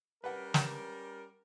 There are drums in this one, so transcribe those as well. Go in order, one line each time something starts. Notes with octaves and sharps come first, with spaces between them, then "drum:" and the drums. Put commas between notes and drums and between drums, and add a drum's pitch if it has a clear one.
G3 C#4 A#4 B4 F#5
drum: snare